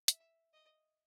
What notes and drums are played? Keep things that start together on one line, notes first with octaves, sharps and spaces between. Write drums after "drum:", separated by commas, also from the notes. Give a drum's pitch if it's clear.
E5, drum: hi-hat
D#5